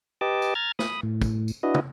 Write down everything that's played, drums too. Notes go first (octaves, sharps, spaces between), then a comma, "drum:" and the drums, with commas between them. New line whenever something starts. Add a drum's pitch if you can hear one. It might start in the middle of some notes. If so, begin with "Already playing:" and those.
G4 B4 D#5 G5 A5 D6
drum: tambourine
A#5 F6 G#6 A6
B5 D#6, drum: snare
A2
drum: kick, tambourine
drum: tambourine
D4 E4 F#4 B4 D#5
drum: tom